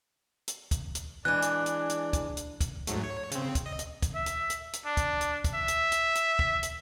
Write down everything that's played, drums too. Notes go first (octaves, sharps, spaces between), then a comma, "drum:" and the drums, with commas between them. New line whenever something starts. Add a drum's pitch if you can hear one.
drum: hi-hat
drum: kick D2, hi-hat
drum: hi-hat
E3 G#3 D4 F#6
drum: hi-hat
drum: hi-hat
drum: hi-hat
drum: kick D2, hi-hat
drum: hi-hat
drum: kick D2, hi-hat
G#2 F#3 A3, drum: hi-hat
C#5
C#3 C4, drum: hi-hat
drum: kick D2, hi-hat
D#5
drum: hi-hat
drum: kick D2, hi-hat
E5
drum: hi-hat
drum: hi-hat
drum: hi-hat
D4
drum: kick D2, hi-hat
drum: hi-hat
drum: kick D2, hi-hat
E5
drum: hi-hat
drum: hi-hat
drum: hi-hat
drum: kick D2
drum: hi-hat